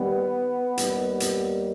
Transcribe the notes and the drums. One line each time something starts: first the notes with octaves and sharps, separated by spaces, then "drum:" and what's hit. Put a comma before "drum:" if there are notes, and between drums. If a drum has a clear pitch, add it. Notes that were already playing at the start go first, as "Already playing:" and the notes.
Already playing: D#2 D#3 G3 B3
D#2 D#3 G3, drum: hi-hat
drum: hi-hat